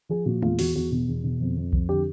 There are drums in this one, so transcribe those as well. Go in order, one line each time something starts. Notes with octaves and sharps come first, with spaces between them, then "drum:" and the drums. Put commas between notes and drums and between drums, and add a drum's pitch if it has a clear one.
F3 G#4
A#2 F#4
E2 F4, drum: tom G#3
E2 F#4, drum: open hi-hat
E2 F#4
B2
E2
B2
F2
F2
F2, drum: kick B1
D3 G4